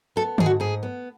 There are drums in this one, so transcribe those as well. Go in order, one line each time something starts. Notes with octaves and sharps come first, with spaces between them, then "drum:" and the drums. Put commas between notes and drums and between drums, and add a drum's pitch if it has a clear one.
B3 A4
G#2 G#4, drum: tom D3
F#4
G#2 G#4
B3